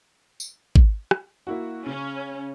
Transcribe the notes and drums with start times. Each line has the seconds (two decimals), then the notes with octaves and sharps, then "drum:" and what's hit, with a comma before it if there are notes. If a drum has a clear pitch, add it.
0.40 drum: tambourine
0.76 drum: kick
1.11 drum: rim click
1.47 A#3 E4 F#4
1.86 C#3 C#4